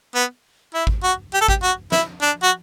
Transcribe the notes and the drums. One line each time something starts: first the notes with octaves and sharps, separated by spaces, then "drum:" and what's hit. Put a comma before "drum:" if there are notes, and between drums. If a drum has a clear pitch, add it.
B3
E4
drum: kick G#1
F#4
G4
A4
G4, drum: kick G#1
F#4
E4, drum: snare
D4
F#4